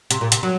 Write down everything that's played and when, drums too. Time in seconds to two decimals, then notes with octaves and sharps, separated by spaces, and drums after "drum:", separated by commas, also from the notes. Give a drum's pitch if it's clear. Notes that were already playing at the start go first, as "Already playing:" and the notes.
0.11 C3, drum: hi-hat
0.21 A#2
0.32 C3, drum: hi-hat
0.43 F#3